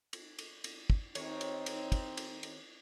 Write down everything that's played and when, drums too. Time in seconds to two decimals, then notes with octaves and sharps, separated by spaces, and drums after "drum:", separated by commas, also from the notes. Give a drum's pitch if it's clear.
0.13 drum: cymbal
0.39 drum: cymbal
0.64 drum: cymbal
0.90 drum: kick
1.15 D#2 C4 D#4 C#5, drum: cymbal
1.41 drum: cymbal
1.66 drum: cymbal
1.92 drum: kick, cymbal
2.17 drum: cymbal
2.43 drum: cymbal